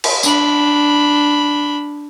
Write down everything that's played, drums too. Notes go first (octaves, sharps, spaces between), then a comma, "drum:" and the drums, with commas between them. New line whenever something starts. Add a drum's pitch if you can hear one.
drum: cymbal
D4 B5, drum: tambourine